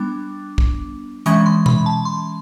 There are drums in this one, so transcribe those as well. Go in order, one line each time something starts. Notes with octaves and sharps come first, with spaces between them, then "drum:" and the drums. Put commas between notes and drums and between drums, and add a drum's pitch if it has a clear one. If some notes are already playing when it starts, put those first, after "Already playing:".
Already playing: G3 B3 D4 D6
drum: kick
E3 G#3 C#4 C#6, drum: hi-hat
C6
B5, drum: tom B2
A5
C6